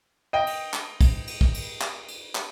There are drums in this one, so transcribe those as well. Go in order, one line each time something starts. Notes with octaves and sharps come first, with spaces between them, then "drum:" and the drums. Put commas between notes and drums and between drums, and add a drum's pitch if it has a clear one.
D#5 G5
drum: cymbal
drum: clap
drum: kick, cymbal
drum: cymbal
drum: kick
drum: cymbal
drum: clap
drum: cymbal
drum: clap